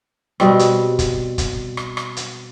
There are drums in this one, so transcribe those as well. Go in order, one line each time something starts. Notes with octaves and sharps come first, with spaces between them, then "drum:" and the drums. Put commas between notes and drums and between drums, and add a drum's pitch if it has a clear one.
B2 G3 C4, drum: rim click
drum: hi-hat
drum: kick, hi-hat
drum: kick, hi-hat
drum: rim click
drum: rim click
drum: hi-hat